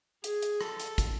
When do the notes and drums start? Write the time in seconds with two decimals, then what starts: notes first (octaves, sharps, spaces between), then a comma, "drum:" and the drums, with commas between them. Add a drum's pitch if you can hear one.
0.24 G#4, drum: hi-hat
0.42 drum: hi-hat
0.61 A4, drum: rim click
0.80 drum: hi-hat
0.98 drum: kick, hi-hat